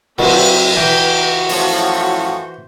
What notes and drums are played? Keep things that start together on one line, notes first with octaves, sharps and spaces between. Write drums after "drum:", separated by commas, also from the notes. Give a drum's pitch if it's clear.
F#3 C4 E5, drum: cymbal
E3 F#4 G5
F#2 A2 F3 C5, drum: open hi-hat